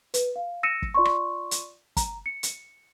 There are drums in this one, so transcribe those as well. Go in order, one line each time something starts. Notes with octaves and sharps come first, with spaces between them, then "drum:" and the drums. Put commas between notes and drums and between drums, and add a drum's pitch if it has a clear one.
B4, drum: hi-hat
F5
E6 A#6 C#7 D#7 E7
drum: kick
F4 D5 C6 C#6
drum: rim click
drum: hi-hat
A#5, drum: kick, hi-hat
C#7
drum: hi-hat